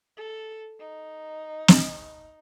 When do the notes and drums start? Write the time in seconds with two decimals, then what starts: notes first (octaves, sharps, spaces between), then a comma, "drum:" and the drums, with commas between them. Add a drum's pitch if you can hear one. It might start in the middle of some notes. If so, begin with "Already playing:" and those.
0.17 A4
0.80 D#4
1.68 drum: snare